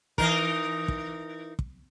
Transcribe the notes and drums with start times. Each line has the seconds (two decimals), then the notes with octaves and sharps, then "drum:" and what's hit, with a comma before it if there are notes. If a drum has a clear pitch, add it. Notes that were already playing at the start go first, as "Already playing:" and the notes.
0.18 E3 D#4 A#4, drum: kick
0.88 drum: kick
1.59 drum: kick